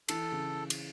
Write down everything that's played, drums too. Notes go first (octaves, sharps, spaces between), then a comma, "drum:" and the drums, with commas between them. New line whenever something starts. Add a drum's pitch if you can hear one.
E3 A4, drum: cymbal
C#3
drum: cymbal